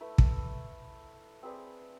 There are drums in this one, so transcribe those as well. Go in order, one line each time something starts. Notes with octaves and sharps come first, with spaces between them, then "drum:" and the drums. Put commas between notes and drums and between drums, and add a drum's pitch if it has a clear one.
A3 E4 B4
drum: kick
C4 G#4 B4 D5